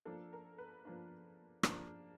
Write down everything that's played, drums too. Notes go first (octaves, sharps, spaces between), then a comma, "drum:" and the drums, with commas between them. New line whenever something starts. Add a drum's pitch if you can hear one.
F3 A#3 D4 A4
A#4
B4
F3 A#3 D4
F3 A#3 D4, drum: rim click